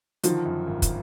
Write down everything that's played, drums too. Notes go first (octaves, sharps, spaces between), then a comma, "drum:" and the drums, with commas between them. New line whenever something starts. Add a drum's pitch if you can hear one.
D3 D#3 F3, drum: hi-hat
F#2
G#1
drum: kick, hi-hat